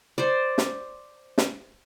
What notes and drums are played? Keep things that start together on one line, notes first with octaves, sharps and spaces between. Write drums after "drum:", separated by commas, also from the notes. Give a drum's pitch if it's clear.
C5 D5
drum: snare
drum: snare